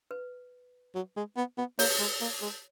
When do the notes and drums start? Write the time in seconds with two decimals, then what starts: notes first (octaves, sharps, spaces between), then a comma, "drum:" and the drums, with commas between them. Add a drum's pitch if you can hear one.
0.11 B4
0.95 F#3
1.16 G#3
1.37 B3
1.58 B3
1.79 A#3 C#5, drum: open hi-hat
1.99 G#3
2.21 A#3
2.41 G#3